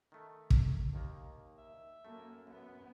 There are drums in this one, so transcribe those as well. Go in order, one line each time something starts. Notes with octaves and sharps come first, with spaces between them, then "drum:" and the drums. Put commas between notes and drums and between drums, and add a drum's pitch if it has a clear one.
D#3 A3
drum: kick
D#2 D#3 A#3
E5
F#2 A3 A#3
F#2 B3